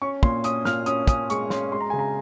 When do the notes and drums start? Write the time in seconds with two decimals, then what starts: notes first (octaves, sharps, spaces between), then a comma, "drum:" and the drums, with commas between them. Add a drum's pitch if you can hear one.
0.02 C#4 C#6
0.23 A#2 C6, drum: kick
0.44 C#4 D#6, drum: hi-hat
0.65 A#2 F6, drum: snare
0.86 C#4 D#6, drum: hi-hat
1.07 C#4 D#6, drum: kick, hi-hat
1.30 G#3 C#6, drum: hi-hat
1.50 C#4 C6, drum: snare
1.72 G#3 C6
1.80 A#5
1.90 C#3 G#5
1.99 A#5